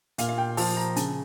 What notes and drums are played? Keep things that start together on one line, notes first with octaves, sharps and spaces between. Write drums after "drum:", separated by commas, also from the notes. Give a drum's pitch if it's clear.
A#2 F5, drum: hi-hat
F5
G5
F3 A5, drum: open hi-hat
A#5
C#3 A5, drum: hi-hat